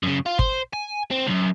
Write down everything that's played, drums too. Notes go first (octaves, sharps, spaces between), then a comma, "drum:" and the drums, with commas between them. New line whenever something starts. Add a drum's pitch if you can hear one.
F#2 C#3
F4
C5, drum: kick
G#5
C4
C#2 F#2